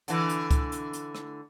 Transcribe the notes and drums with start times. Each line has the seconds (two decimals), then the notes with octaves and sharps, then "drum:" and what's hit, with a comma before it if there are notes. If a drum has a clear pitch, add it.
0.08 D3 E3, drum: hi-hat
0.29 drum: hi-hat
0.51 drum: kick C#2, hi-hat
0.72 drum: hi-hat
0.93 drum: hi-hat
1.15 drum: rim click